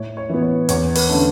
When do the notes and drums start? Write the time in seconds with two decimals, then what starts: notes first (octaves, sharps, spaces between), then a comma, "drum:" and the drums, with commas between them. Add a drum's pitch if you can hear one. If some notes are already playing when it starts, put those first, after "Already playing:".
Already playing: A2 C#5
0.17 C#5
0.29 E3 B3
0.42 C#5
0.69 E2 C#5, drum: hi-hat
0.95 B4, drum: open hi-hat
1.09 D3 A3 C#4